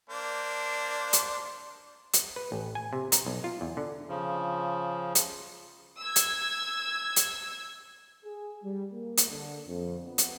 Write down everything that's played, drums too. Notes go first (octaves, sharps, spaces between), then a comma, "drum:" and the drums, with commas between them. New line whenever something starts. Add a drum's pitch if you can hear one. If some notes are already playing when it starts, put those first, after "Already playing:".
A#3 D4 C5
drum: hi-hat
drum: hi-hat
B4
A1
G#5
C3
A#5, drum: hi-hat
B1
F4
E2
D3
C#3 F3
drum: hi-hat
E6 G#6
drum: hi-hat
drum: hi-hat
G#4
G3
A#3
drum: hi-hat
D3
F2
B3
drum: hi-hat